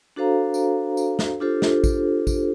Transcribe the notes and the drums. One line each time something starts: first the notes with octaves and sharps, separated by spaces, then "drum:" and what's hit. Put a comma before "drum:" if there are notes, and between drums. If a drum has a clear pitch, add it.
D4 F#4 A4 C5 F5 A#5
drum: tambourine
drum: tambourine
drum: snare
D4 F4 G4 A4 C5
drum: snare
drum: kick A1, tambourine
drum: kick A1, tambourine